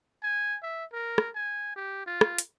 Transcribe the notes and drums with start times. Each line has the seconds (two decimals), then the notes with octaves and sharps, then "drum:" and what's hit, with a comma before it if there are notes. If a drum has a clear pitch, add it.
0.23 G#5
0.62 E5
0.93 A#4
1.18 drum: rim click
1.35 G#5
1.76 G4
2.06 F4
2.21 drum: rim click
2.38 drum: hi-hat